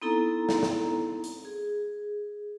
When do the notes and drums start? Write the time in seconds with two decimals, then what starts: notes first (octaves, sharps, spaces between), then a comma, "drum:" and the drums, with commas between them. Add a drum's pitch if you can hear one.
0.02 B3 C4 D#4 E4 A4 A#5
0.49 drum: snare
0.63 drum: snare
1.24 drum: hi-hat
1.45 G#4